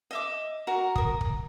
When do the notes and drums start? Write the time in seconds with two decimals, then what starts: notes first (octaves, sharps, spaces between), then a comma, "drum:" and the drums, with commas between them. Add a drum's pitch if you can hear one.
0.11 D#5 E5 D6
0.67 F#4 A#4 A#5
0.96 A#4 D#6, drum: kick
1.21 drum: kick